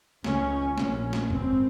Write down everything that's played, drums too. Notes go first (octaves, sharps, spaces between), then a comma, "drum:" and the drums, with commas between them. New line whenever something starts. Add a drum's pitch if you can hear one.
C#2 C#3 C#4, drum: snare
A#1 A#2 C#4, drum: snare
drum: snare
G#1 F#2 C#3 C4, drum: kick G#1